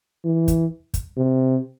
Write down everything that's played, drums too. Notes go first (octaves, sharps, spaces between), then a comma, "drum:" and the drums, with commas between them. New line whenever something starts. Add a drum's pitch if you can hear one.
E3
drum: kick, hi-hat
drum: kick, hi-hat
C3